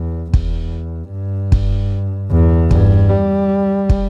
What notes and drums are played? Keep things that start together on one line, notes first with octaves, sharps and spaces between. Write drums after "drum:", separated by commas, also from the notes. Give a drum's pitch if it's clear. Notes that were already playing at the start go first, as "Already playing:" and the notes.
Already playing: E2
E2, drum: kick
G2
drum: kick
E2
G2, drum: kick
G3
drum: kick